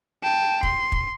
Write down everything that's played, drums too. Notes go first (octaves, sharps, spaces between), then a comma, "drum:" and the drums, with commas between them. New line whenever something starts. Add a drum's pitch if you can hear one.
G5 A5
C6, drum: kick
drum: kick